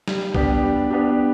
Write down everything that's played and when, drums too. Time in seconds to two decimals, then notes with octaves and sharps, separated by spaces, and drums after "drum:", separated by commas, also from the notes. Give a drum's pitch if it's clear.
0.08 G3, drum: snare
0.35 B3 D4 G4, drum: kick B1
0.63 G3
0.91 B3 D4 G4